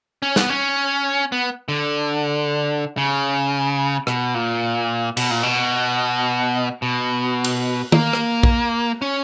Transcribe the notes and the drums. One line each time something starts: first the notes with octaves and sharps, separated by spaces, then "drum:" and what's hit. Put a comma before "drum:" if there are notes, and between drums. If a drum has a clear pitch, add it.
C#4
B3, drum: snare
C#4
B3
D3
C#3
B2, drum: rim click
A#2
B2, drum: cymbal
A#2
B2
B2
drum: cymbal
A#3, drum: tom
drum: rim click
drum: kick
C#4